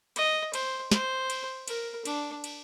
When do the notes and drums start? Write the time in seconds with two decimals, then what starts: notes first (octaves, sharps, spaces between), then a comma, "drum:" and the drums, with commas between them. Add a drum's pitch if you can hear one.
0.16 D#5, drum: cymbal
0.54 C5, drum: cymbal
0.91 C5, drum: snare
1.30 drum: cymbal
1.68 A#4, drum: cymbal
2.05 D4, drum: cymbal
2.44 drum: cymbal